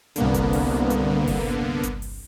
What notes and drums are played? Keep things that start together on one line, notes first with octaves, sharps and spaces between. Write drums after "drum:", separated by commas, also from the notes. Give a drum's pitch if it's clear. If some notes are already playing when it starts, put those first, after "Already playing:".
C2 G2 D3 A#3 B3, drum: hi-hat
drum: kick G1, hi-hat
drum: open hi-hat
drum: hi-hat
drum: kick G1, open hi-hat
drum: kick G1, hi-hat
drum: open hi-hat